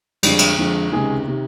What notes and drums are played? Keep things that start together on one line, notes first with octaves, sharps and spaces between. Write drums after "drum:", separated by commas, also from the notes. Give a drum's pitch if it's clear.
F2 D3 F3 G3 G#3 G4, drum: cymbal
drum: cymbal
F2 D3 F3 G#3
C#2 C3 D#3 G#3 G#4
C3 D#3